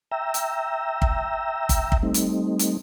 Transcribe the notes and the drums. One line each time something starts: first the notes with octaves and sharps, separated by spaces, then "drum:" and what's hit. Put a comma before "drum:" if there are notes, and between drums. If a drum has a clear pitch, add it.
E5 G5 A#5 E6
drum: hi-hat
drum: kick
drum: kick, hi-hat
drum: kick
G3 A3 C4 D#4
drum: hi-hat
drum: hi-hat